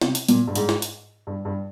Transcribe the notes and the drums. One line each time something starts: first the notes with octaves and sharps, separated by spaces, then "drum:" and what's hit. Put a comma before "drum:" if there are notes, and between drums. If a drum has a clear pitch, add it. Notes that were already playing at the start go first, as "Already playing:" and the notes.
C3, drum: snare
drum: hi-hat
A#2, drum: hi-hat
G2
G#2, drum: hi-hat
drum: snare
drum: hi-hat
G2
G2